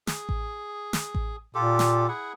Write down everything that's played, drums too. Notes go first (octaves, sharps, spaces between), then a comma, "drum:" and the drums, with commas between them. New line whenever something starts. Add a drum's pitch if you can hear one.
G#4, drum: snare
drum: kick A1
drum: snare
drum: kick A1
A#2 F4 G4 A4
drum: snare
E4 G#4 F#5